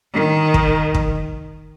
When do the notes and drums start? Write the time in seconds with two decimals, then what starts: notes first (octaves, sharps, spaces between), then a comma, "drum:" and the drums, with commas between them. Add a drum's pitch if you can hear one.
0.14 D#3
0.54 drum: kick
0.94 drum: kick